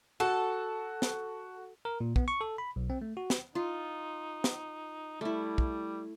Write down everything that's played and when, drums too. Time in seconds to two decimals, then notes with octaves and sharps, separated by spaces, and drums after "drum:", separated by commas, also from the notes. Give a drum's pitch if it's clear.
0.20 F#4 A4
1.02 drum: snare
1.85 A#4
2.01 A#2
2.16 B3, drum: kick
2.28 C#6
2.41 A4
2.58 B5
2.76 B1
2.90 C4
3.02 A3
3.17 F#4
3.30 drum: snare
3.55 D#4 F4
4.44 drum: snare
5.21 G3 A3 E4
5.58 drum: kick